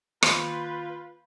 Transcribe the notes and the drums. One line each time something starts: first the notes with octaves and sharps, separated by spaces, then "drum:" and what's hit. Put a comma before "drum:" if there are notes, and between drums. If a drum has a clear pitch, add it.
D#3 A#3 F4 B4 C5, drum: rim click